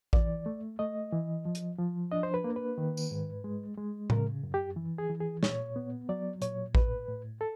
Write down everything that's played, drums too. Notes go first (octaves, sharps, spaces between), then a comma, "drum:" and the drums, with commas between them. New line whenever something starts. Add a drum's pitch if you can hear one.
E3 D5, drum: kick A1
A3
A3 D#5
E3
F3
drum: hi-hat
F3
D4 D#5
C5
B4
A#3
B4
D#3
drum: tambourine
G#2
G#3
G#3
C#3 A#4, drum: tom A2
F#2
G4
E3
G#4
E3
G#4
A#2 C#5, drum: snare
B3
F#3 D5
A#2 C#5, drum: hi-hat
A2 B4, drum: kick A1
A2
A4